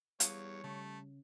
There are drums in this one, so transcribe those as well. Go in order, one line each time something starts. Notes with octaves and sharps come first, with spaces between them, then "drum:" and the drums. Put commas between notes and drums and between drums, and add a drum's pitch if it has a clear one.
E2 G3 C#5 D#5 F5, drum: hi-hat
C#3 A3